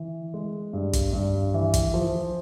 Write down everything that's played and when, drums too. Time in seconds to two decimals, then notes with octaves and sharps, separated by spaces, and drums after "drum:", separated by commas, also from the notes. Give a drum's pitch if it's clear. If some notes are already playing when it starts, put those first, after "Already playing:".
Already playing: E3
0.34 G#3
0.73 G2
0.93 drum: kick, hi-hat
1.13 G2
1.54 E3
1.74 drum: kick, hi-hat
1.94 F3